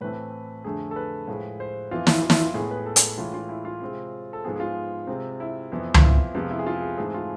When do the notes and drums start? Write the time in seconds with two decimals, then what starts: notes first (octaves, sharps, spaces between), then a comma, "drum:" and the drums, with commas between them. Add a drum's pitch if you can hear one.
0.01 A2 E3 A3 C4 B4
0.65 F2 D3 A3 G#4
0.91 A4
0.96 B4
1.27 A2 F3 G#3
1.60 C5
1.91 F2 E3 B3 F4
2.07 E4, drum: snare
2.22 F4
2.30 E4, drum: snare
2.37 F4
2.54 A2 G#3 B3 G#4
2.71 B4
2.86 A4
2.96 drum: hi-hat
3.18 A2 E3 G#3 F4
3.34 F4
3.49 E4
3.65 F4
3.82 C3 G#3 C4
4.33 A4
4.45 G#2 F3 B3 G#4
4.56 G#4
4.60 F4
5.07 C3 G#3 C4
5.40 E4
5.72 F2 E3 B3
5.94 F4, drum: tom C#2
6.03 E4
6.34 F2 C3 G#3 B3 F4
6.51 E4
6.59 G#4
6.67 F4
6.82 G#4
6.97 G#2 E3 A3 C4 G#4
7.14 F4